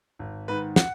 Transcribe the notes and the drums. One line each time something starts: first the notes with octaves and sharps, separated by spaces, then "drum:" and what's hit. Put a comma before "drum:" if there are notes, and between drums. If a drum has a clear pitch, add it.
G#1
G#2 D#3 B4
F#5, drum: snare